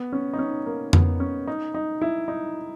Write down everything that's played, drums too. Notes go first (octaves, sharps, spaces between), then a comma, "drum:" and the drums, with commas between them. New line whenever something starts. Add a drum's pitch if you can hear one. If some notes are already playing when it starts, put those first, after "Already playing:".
Already playing: B3
C#4
D#4
C#4
A#3
B3, drum: tom F2
C#4
D#4
D#4
E4
D#4